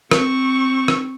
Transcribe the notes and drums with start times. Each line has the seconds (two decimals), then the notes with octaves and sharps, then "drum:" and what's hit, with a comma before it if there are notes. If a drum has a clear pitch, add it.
0.11 C4 C#6, drum: rim click
0.88 drum: rim click